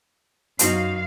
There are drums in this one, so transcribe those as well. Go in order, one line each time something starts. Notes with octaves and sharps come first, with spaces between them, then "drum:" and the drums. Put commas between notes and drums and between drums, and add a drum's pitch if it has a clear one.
F#2 D#4 F#4 C5 F5, drum: hi-hat